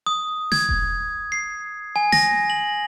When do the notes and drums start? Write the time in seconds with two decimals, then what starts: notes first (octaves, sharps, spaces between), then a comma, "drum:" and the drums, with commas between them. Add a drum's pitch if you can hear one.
0.06 D#6
0.52 G#6, drum: snare
0.69 drum: kick E1
1.32 C7
1.96 G#5
2.12 A#6, drum: snare
2.50 F#7